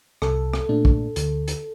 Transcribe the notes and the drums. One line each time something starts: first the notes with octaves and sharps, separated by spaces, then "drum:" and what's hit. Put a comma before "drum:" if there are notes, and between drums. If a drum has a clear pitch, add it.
C2 A4, drum: rim click
drum: rim click
A#2 A3 D4
drum: kick
D2, drum: hi-hat
drum: hi-hat